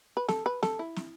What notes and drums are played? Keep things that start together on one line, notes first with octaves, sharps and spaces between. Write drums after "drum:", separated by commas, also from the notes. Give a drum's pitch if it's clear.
B4
A4, drum: snare
B4
A4, drum: snare
E4
drum: snare